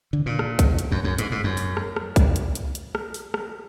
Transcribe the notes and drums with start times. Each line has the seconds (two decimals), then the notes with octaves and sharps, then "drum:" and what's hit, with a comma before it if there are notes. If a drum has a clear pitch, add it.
0.13 D3
0.26 A#2
0.39 drum: rim click
0.59 drum: kick B1, hi-hat
0.79 drum: hi-hat
0.92 F#2
1.04 F#2
1.18 G#2, drum: hi-hat
1.32 G#2
1.44 F#2
1.57 drum: open hi-hat
1.77 drum: rim click
1.96 drum: rim click
2.16 drum: kick B1, hi-hat
2.36 drum: hi-hat
2.55 drum: hi-hat
2.75 drum: hi-hat
2.95 drum: rim click
3.14 drum: open hi-hat
3.34 drum: rim click